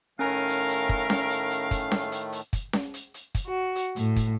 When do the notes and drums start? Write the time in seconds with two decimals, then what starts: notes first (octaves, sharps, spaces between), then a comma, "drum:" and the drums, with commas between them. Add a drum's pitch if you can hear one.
0.19 A2 D#3 A3 C#4 A#4 F5 G#5
0.48 drum: hi-hat
0.69 drum: hi-hat
0.89 drum: kick
1.10 drum: snare C#4
1.30 drum: hi-hat
1.51 drum: hi-hat
1.71 drum: kick, hi-hat
1.92 drum: snare C#4
2.12 drum: hi-hat
2.32 drum: hi-hat
2.53 drum: kick, hi-hat
2.73 drum: snare C#4
2.94 drum: hi-hat
3.14 drum: hi-hat
3.35 drum: kick, hi-hat
3.46 F#4
3.75 drum: hi-hat
3.96 A2, drum: hi-hat
4.16 drum: kick, hi-hat